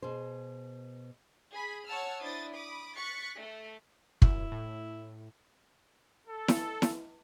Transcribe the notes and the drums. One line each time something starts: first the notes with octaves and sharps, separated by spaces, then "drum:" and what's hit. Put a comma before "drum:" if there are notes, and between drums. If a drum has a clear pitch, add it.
B2 G#4 C5
G#4 B5 B6
C#5 F#5 A5 E6 F6
D4 E4 C5 D#6 A6
B5 D6 D#6
C#6 F#6 A6 B6 C#7
A3 A4
F#2 E4, drum: kick
A2
A4
drum: snare E4
drum: snare E4